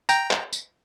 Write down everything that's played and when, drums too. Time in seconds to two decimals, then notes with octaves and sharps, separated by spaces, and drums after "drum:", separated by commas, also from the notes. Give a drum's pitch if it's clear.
0.09 G5 A#5, drum: tambourine
0.31 drum: clap
0.53 drum: tambourine